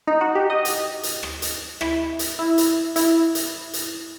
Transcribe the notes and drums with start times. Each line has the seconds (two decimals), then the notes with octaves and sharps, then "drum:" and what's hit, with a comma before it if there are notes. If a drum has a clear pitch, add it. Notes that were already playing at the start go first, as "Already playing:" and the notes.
0.07 D#4
0.21 F#4
0.35 G4
0.50 D#5
0.65 drum: hi-hat
1.03 drum: hi-hat
1.23 drum: rim click
1.42 drum: hi-hat
1.81 E4, drum: rim click
2.19 drum: hi-hat
2.39 E4
2.58 drum: hi-hat
2.96 E4, drum: hi-hat
3.35 drum: hi-hat
3.73 drum: hi-hat